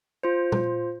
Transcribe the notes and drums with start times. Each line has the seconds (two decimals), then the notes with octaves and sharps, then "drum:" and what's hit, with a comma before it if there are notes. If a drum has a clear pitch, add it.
0.23 F4 C5
0.52 drum: tom